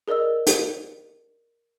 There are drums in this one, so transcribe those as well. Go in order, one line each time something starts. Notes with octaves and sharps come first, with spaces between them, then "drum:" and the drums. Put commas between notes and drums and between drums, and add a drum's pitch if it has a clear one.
G#4 A#4 D5 D#5 E6
drum: hi-hat